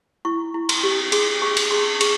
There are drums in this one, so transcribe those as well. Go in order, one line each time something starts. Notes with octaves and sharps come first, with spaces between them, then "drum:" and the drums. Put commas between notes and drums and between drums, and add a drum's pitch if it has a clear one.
E4 C#6
E4
C6, drum: cymbal
G4
G#4 C6, drum: cymbal
G#4 C#6
drum: cymbal
G#4 C6
G#4 C#6, drum: cymbal